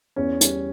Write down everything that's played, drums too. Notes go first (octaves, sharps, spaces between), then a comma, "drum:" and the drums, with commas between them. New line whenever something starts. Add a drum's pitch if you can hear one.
E2 C#4
G3, drum: hi-hat